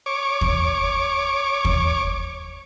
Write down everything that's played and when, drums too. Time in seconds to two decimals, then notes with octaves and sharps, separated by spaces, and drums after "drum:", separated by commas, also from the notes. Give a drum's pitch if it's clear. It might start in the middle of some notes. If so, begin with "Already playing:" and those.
0.06 C#5 D6
0.41 drum: kick
1.65 drum: kick